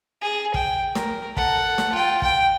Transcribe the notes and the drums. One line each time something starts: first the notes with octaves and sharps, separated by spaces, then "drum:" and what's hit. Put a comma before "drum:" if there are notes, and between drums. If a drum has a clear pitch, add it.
G#4
G5, drum: kick
A#4, drum: snare
A4 F#5, drum: kick
drum: snare
F4 G5
G5, drum: kick